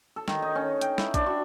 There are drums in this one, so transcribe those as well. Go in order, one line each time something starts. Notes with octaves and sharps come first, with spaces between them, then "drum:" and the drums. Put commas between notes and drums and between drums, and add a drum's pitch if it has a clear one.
A4
D#3, drum: snare
D#4
C#4
G5, drum: hi-hat
E4, drum: snare
D4, drum: kick A#1, hi-hat
F#4